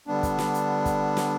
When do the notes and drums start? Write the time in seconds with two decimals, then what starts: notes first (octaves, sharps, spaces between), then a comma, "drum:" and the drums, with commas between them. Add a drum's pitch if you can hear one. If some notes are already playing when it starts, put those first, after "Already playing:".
0.07 D3 G3 B3 D4
0.23 drum: kick, hi-hat
0.39 drum: snare
0.54 drum: hi-hat
0.85 drum: kick, hi-hat
1.17 drum: snare